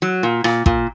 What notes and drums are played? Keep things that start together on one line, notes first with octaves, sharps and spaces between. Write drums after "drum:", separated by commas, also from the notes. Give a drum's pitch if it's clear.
F#3
A#2
A#2, drum: rim click
A#2, drum: kick